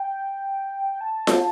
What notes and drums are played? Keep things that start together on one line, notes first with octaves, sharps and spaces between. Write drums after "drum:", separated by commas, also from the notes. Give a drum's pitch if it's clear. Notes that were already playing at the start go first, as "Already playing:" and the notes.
Already playing: G5
A5
drum: snare F4